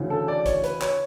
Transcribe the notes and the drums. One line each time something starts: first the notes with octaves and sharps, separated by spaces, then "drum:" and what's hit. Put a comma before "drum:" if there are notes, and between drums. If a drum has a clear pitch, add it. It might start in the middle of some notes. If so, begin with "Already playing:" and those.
Already playing: D2 C#3 E3
A4
D5
C#5, drum: kick A1, hi-hat
B4, drum: hi-hat
C#5, drum: clap